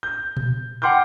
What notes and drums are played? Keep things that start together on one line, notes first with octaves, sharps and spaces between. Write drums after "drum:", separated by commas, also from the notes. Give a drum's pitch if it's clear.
G6
drum: tom A#2
F#5 G5 C6 D6 F6 G6